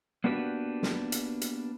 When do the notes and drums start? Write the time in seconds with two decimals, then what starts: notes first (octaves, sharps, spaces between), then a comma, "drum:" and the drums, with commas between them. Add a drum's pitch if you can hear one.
0.24 A#3 B3 D4 F#4 G4 B4
0.83 drum: snare
1.12 drum: hi-hat
1.41 drum: hi-hat